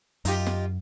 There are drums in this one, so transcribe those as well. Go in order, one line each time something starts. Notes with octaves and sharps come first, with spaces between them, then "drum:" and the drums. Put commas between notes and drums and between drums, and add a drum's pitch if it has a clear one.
F#2 D#4 F4 G4, drum: hi-hat
drum: snare